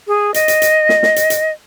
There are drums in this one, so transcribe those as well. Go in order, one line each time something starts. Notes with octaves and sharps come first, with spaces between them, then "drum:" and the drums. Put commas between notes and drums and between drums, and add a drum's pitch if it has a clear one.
G#4
D#5, drum: hi-hat
drum: hi-hat
drum: hi-hat
drum: snare
drum: snare
drum: hi-hat
drum: hi-hat